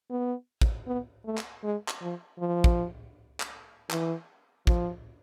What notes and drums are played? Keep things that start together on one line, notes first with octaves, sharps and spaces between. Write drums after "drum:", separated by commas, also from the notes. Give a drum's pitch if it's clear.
B3
drum: kick
B3
A3
drum: clap
G#3
drum: clap
F3
F3
drum: kick
drum: clap
E3, drum: clap
F3, drum: kick